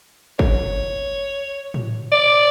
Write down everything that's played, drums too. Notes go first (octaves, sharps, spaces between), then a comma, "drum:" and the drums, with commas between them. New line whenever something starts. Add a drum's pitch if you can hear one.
C#5, drum: kick
drum: tom A2
D5